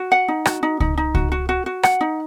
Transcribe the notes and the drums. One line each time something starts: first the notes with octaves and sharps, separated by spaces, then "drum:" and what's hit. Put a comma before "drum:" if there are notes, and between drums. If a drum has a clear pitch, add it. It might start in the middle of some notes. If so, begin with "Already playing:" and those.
Already playing: F#4
F#5
D#4
F#4, drum: rim click
D#4
D#4, drum: kick C#2
D#4
F#4, drum: kick C#2
F#4
F#4
F#4
F#5, drum: rim click
D#4